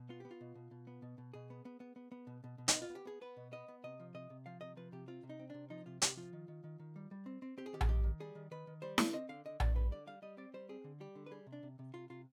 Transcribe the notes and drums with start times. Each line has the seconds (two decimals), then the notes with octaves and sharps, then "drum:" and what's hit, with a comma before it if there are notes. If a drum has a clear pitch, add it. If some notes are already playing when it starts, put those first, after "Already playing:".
Already playing: B2
0.09 B3 F4
0.20 B3 G4
0.31 F4
0.41 B2
0.55 B2
0.71 B2
0.87 B3
1.02 B2
1.18 B2
1.33 B2 G#4
1.50 B3
1.65 B3
1.80 B3
1.96 B3
2.12 B3
2.27 B2
2.44 B2
2.58 B2
2.68 D#4, drum: hi-hat
2.74 B3
2.82 F4
2.90 B3
2.95 G4
3.05 B3 G#4
3.21 B3 B4
3.37 B2
3.52 B3 D#5
3.68 B3
3.84 C3 D#5
4.00 F3
4.14 C3 D#5
4.30 C3
4.46 F3 F5
4.61 C3 D#5
4.76 F3 B4
4.92 C3 G4
5.08 C4 F4
5.23 C3
5.29 D#4
5.40 C4
5.50 C3 D4
5.70 F3 D#4
5.86 C3 F4
6.02 C3 G4, drum: hi-hat
6.17 F3 F4
6.33 D#3
6.48 D#3
6.64 D#3
6.80 D#3
6.96 G3
7.11 G3
7.26 C4
7.42 C4
7.58 C4 G4
7.66 G#4
7.73 D#3 G4
7.81 G#4, drum: tom A#1
7.88 D#3 G4
8.04 D#3
8.20 G3 G#4
8.35 D#3
8.51 D#3 B4
8.67 D#3
8.82 G3 C5
8.98 D3 D5, drum: snare E4
9.13 C4 D#5
9.29 D3 F5
9.45 D3 D#5
9.60 D3 D5, drum: tom A#1
9.75 G3 B4
9.91 D3 D5
10.07 G3 F5
10.22 G3 D#5
10.37 C4 D5
10.54 G3 C5
10.69 C4 G#4
10.84 D3
11.00 G3 G4
11.15 D3
11.26 B4
11.31 G3 G#4
11.47 C3
11.53 D4
11.63 C3
11.79 C3
11.94 C3 F4
12.10 C3 F4